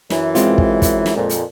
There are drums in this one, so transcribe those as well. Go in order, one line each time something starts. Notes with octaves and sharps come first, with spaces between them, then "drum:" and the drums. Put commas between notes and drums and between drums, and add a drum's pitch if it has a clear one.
F#2 E3, drum: snare
G#3 C4 F4, drum: hi-hat
drum: kick
drum: kick, hi-hat
drum: snare
F2 A#2
drum: hi-hat